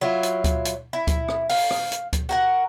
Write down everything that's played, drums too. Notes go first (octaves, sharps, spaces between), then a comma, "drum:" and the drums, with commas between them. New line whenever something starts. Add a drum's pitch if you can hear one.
F#3 E4 F4
drum: hi-hat
drum: kick D2, hi-hat
drum: hi-hat
E4
drum: kick D2, hi-hat
drum: rim click
F5, drum: open hi-hat
drum: rim click
drum: hi-hat
drum: kick D2, hi-hat
F#4 A#4 F#5